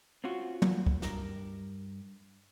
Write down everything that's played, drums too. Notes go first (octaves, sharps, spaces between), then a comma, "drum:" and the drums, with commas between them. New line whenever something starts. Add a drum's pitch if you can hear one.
C4 C#4 F4 F#4
drum: tom
drum: kick
G2 A#4, drum: snare